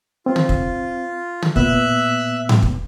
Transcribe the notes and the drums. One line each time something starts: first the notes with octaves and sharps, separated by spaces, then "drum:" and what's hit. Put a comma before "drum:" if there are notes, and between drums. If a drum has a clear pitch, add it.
C4 F4
drum: tom
drum: kick
drum: tom
A#2 B3 E5 E6 F#6, drum: kick
drum: tom G#2
drum: kick